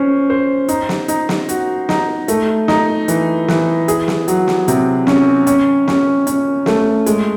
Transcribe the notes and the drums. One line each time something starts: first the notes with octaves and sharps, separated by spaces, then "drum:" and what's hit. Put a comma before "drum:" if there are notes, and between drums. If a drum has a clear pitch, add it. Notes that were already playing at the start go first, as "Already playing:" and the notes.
Already playing: C#4 C5
C5
D#4, drum: hi-hat
drum: snare
D#4, drum: hi-hat
drum: snare
F#4, drum: hi-hat
D#4, drum: snare
A3, drum: hi-hat
D#4, drum: snare
E3, drum: hi-hat
E3, drum: snare
G#4, drum: hi-hat
drum: snare
F#3, drum: hi-hat
drum: snare
C3, drum: hi-hat
C#4, drum: snare
C#4, drum: hi-hat
C#4, drum: snare
C#4, drum: hi-hat
A3, drum: snare
G#3, drum: hi-hat